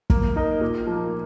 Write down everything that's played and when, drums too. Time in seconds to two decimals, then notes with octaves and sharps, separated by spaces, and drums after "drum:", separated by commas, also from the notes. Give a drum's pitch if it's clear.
0.10 A#3, drum: kick
0.36 D#4 A#4 D#5
0.61 A#2
0.87 F3 A#3